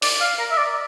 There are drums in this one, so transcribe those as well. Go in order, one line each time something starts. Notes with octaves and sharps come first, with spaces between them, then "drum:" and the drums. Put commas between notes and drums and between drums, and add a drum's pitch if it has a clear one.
D5, drum: open hi-hat
F5
A#4
E5
D5